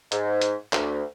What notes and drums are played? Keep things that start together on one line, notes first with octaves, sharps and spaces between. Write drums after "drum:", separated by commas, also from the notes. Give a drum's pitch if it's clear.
G#2, drum: hi-hat
drum: hi-hat
D2, drum: clap